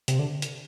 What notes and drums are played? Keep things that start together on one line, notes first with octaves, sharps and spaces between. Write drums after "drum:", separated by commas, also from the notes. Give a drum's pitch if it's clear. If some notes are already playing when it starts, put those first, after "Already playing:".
C3, drum: hi-hat
D3
drum: hi-hat